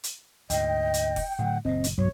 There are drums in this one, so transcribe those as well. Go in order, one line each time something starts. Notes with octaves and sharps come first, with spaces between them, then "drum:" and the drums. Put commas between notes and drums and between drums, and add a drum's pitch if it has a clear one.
drum: hi-hat
D2 G#2 D#5 G5, drum: hi-hat
drum: hi-hat
drum: kick F1, open hi-hat
A2 D3 F#3 F#5
F#1 A#2 C4 D#5
drum: hi-hat
B1 G2 F#3 C#5